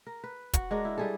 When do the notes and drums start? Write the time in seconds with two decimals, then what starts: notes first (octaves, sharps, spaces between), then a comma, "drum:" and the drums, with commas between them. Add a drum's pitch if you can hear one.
0.07 A#4
0.24 B4
0.53 F#4 F#5, drum: kick, hi-hat
0.71 G#3 D4 A#4
0.85 E4
0.98 G3 G#4 A4